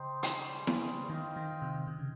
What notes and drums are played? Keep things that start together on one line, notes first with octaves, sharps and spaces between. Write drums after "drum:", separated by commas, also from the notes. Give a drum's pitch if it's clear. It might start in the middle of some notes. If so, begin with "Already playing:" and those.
Already playing: C#3 D#4 G4 C5
drum: hi-hat
G3 C#4 G#4 C5
drum: snare E4
D#3 F4 C5 D#5 G5
D#3
C3
C3
C#3